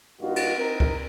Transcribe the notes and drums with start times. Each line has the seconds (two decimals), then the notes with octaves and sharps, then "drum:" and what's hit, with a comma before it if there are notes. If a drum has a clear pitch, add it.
0.21 G2 A#3 D#4 F4 F#4
0.36 drum: cymbal
0.58 C4 D#4 A#4
0.80 drum: kick C#2